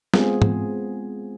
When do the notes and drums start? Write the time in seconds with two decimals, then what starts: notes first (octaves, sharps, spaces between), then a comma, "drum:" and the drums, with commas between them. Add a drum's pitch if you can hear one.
0.14 G#3 B3 C4 F4 G#4, drum: snare
0.42 drum: tom